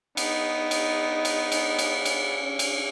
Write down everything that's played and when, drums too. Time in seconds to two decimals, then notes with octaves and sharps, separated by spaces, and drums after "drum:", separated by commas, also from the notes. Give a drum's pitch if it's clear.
0.17 B3 D#4, drum: cymbal
0.71 drum: cymbal
1.25 drum: cymbal
1.52 drum: cymbal
1.79 drum: cymbal
2.05 drum: cymbal
2.41 C#4
2.59 drum: cymbal